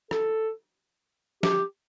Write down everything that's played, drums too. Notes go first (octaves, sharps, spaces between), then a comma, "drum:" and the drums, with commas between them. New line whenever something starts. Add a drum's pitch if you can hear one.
A4, drum: rim click
G4, drum: snare